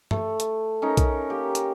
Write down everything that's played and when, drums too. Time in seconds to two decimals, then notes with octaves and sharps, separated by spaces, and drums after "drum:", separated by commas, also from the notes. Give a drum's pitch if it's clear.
0.11 A3, drum: tom
0.40 drum: hi-hat
0.82 C#4 D#4 A#4
0.97 drum: kick B1, hi-hat
1.30 A#3 G4
1.55 drum: hi-hat